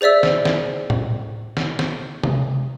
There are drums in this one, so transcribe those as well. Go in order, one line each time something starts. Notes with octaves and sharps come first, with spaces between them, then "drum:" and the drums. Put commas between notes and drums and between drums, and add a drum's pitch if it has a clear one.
G#4 C5 D5 E5 E6
drum: snare
drum: snare
drum: tom A2
drum: snare
drum: snare
drum: tom C3